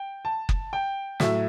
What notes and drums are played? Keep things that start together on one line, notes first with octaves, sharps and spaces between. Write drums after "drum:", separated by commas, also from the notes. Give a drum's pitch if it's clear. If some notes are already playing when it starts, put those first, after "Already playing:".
Already playing: G5
A5
drum: kick F#1
G5
A2 F#3 E5, drum: snare